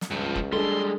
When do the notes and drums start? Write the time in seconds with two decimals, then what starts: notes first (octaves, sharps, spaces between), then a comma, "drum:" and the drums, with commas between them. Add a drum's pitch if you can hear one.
0.01 drum: snare
0.11 C#2 G2 F3
0.36 drum: kick E1
0.53 G3 G#3 D4 G#4 A4 C6